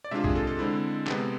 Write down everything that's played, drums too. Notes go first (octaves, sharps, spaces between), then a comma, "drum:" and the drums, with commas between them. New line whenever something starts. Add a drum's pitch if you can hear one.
D5
C3 G#3 D4 F4 E5
G#4, drum: kick
A4
A4
D3 G#3 C4 E4
C3 G#3 B3, drum: clap